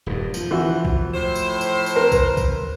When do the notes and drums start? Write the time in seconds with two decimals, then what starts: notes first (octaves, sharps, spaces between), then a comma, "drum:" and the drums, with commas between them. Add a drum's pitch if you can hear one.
0.06 D#1 G2
0.34 F3, drum: tambourine
0.51 E3 F#4
0.85 drum: kick
1.14 A2 C5
1.36 drum: tambourine
1.61 drum: tambourine
1.86 drum: tambourine
1.96 A#4 B4
2.12 drum: kick, tambourine
2.37 drum: kick, tambourine